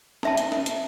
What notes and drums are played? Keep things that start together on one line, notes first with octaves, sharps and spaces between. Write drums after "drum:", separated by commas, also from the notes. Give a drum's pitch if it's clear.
D#4 E5 A5, drum: snare
drum: hi-hat
drum: snare
drum: hi-hat